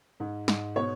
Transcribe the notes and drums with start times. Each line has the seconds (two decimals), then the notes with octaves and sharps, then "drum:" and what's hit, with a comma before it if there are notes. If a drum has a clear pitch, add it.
0.20 G#2
0.48 G#2, drum: snare
0.76 B2 C#5